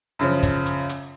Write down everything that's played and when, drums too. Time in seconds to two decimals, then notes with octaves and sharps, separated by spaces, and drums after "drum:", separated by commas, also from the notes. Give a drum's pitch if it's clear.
0.19 F#2 C#3 F3
0.43 drum: kick, hi-hat
0.66 drum: hi-hat
0.89 drum: hi-hat